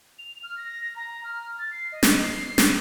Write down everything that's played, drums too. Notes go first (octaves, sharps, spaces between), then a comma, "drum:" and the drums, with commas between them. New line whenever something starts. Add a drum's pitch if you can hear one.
F7
F6
A#6
A#5
F6
A6
C7
D#5
drum: snare
C7
drum: snare